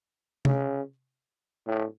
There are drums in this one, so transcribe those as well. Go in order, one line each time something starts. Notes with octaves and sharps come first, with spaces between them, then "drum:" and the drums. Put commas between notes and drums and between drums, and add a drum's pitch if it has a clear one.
C#3, drum: tom C3
A2